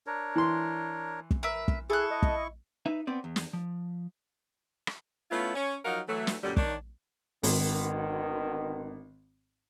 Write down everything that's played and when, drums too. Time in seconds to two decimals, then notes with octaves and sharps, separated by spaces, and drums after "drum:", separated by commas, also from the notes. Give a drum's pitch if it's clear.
0.07 D4 A#4 C#5
0.35 E3 C6
1.31 drum: kick
1.43 A#4 B4 E5
1.68 drum: kick
1.90 E4 G#4 A4 C#6 F#6
2.11 D#5
2.22 drum: kick
2.86 D#4 B4 E5
3.07 B3 C4 D5
3.24 E2
3.36 drum: snare
3.53 F3
4.87 drum: rim click
5.31 A3 B3 C#4 E4 F4
5.55 C#4
5.85 F3 F#3 D#4 A#4 F5 F#5
6.08 E3 F#3 A3
6.27 drum: snare
6.43 F#2 A#2 D3 F#3 G3
6.57 D#3 D4 C#5, drum: kick
7.43 G#1 B2 D3 D#3, drum: open hi-hat